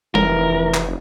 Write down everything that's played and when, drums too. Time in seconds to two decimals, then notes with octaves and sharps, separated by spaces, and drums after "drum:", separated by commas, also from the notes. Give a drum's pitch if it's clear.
0.15 F1 E3 A#4, drum: tom G3
0.74 drum: clap